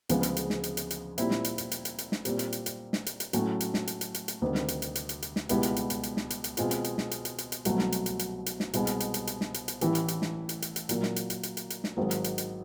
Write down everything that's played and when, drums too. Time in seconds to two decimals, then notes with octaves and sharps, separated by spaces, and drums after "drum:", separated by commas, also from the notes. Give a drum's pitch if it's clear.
0.09 D2 C#3 F3 G#3 B3, drum: hi-hat
0.23 drum: hi-hat
0.37 drum: hi-hat
0.50 drum: snare
0.64 drum: hi-hat
0.77 drum: hi-hat
0.90 drum: hi-hat
1.18 A#2 G3 C4 E4, drum: hi-hat
1.31 drum: snare
1.44 drum: hi-hat
1.58 drum: hi-hat
1.71 drum: hi-hat
1.85 drum: hi-hat
1.98 drum: hi-hat
2.12 drum: snare
2.25 A#2 G3 C4, drum: hi-hat
2.39 drum: hi-hat
2.52 drum: hi-hat
2.66 drum: hi-hat
2.93 drum: snare
3.06 drum: hi-hat
3.20 drum: hi-hat
3.33 A2 F#3 A3 C#4 F#4, drum: hi-hat
3.60 drum: hi-hat
3.74 drum: snare
3.87 drum: hi-hat
4.01 drum: hi-hat
4.14 drum: hi-hat
4.28 drum: hi-hat
4.42 D2 C3 D#3 G3
4.55 drum: snare
4.68 drum: hi-hat
4.82 drum: hi-hat
4.95 drum: hi-hat
5.09 drum: hi-hat
5.22 drum: hi-hat
5.36 drum: snare
5.49 C#2 B2 G3 B3 E4, drum: hi-hat
5.63 drum: hi-hat
5.76 drum: hi-hat
5.90 drum: hi-hat
6.03 drum: hi-hat
6.17 drum: snare
6.30 drum: hi-hat
6.44 drum: hi-hat
6.57 B2 G#3 C4 F4, drum: hi-hat
6.71 drum: hi-hat
6.84 drum: hi-hat
6.98 drum: snare
7.11 drum: hi-hat
7.25 drum: hi-hat
7.38 drum: hi-hat
7.52 drum: hi-hat
7.65 C2 B2 F#3 A3, drum: hi-hat
7.79 drum: snare
7.92 drum: hi-hat
8.06 drum: hi-hat
8.19 drum: hi-hat
8.46 drum: hi-hat
8.60 drum: snare
8.73 C2 B2 G#3, drum: hi-hat
8.87 drum: hi-hat
9.00 drum: hi-hat
9.14 drum: hi-hat
9.27 drum: hi-hat
9.41 drum: snare
9.54 drum: hi-hat
9.68 drum: hi-hat
9.81 A1 A2 E3 G3, drum: hi-hat
9.95 drum: hi-hat
10.08 drum: hi-hat
10.22 drum: snare
10.49 drum: hi-hat
10.62 drum: hi-hat
10.76 drum: hi-hat
10.89 A#2 F#3 A#3, drum: hi-hat
11.03 drum: snare
11.16 drum: hi-hat
11.30 drum: hi-hat
11.43 drum: hi-hat
11.57 drum: hi-hat
11.70 drum: hi-hat
11.84 drum: snare
11.97 G#1 G#2 D#3 F#3
12.11 drum: hi-hat
12.24 drum: hi-hat
12.38 drum: hi-hat